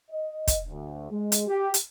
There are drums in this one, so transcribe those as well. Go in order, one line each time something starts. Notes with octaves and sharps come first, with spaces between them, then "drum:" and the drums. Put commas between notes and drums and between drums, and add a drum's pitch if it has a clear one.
D#5
drum: kick, hi-hat
D2
G#3
drum: hi-hat
G4
drum: hi-hat